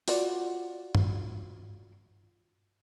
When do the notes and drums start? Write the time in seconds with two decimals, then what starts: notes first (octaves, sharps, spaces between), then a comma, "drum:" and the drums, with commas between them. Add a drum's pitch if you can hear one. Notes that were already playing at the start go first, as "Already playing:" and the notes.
0.08 F4 F#4 D5, drum: open hi-hat
0.95 drum: tom G2